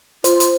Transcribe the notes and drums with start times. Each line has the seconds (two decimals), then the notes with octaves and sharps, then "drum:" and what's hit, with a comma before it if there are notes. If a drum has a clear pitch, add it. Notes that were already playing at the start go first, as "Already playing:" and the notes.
0.24 F4 C5, drum: hi-hat
0.40 drum: hi-hat